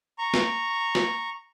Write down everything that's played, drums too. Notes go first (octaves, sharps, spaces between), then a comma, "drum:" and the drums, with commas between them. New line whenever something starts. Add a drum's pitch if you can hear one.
A#5 C#6
drum: snare
drum: snare